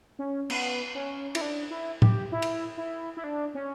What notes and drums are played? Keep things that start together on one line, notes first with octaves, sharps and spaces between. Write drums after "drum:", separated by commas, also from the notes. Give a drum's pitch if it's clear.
C#4
B3, drum: cymbal
C#4
E4, drum: cymbal
D4
E4
G4, drum: tom A2
E4
drum: cymbal
E4
E4
D4
C#4